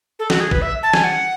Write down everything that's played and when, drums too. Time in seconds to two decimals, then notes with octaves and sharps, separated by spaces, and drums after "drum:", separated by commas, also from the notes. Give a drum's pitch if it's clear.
0.19 A4
0.30 F#4, drum: snare
0.40 G#4
0.51 B4, drum: kick
0.62 E5
0.83 A5
0.93 G#5, drum: snare
1.04 F#5